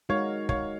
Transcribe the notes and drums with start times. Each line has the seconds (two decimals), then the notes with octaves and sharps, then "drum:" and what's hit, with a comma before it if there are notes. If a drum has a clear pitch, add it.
0.09 G#3 D#4 F#4 A#4 C#5 F5
0.49 C#5 F5, drum: kick